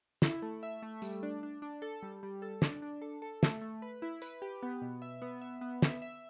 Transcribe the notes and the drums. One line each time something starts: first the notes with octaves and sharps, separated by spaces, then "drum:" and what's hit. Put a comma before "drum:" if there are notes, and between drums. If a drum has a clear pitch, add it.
E4, drum: snare
A3
E5
A3
G3, drum: tambourine
D4
D4
D4
A4
G3
G3
A4
D4, drum: snare
D4
A4
A4
A3, drum: snare
A3
B4
E4
B4, drum: tambourine
G4
B3
B2
E5
B3
E5
B3
E5, drum: snare
E5